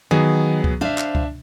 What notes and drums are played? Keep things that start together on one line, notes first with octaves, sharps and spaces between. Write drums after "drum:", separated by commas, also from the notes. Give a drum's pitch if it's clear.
D#3 F#3 B3 G#4
drum: kick C#2
D4 C5 E5 F5
drum: clap
drum: kick C#2